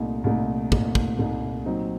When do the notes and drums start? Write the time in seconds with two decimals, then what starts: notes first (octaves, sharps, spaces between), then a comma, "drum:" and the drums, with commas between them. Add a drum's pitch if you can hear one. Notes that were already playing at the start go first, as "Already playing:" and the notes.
Already playing: C2 A#2 A3 D#4
0.24 C2 A#2 A3 D#4
0.72 C2 A#2 A3 D#4, drum: kick
0.95 drum: kick
1.19 C2 A#2 A3 D#4
1.66 A#2 F#3 C4 D#4